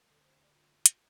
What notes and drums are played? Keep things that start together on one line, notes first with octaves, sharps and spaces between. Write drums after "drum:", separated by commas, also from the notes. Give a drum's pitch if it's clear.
D2 A4
C5
D5
F4
drum: hi-hat